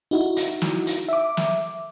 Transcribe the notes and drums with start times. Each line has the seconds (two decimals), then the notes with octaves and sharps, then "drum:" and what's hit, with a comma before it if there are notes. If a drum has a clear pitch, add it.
0.11 D#4 E4 F#4
0.36 drum: hi-hat
0.62 drum: snare
0.87 drum: hi-hat
1.08 E5 D6
1.37 drum: snare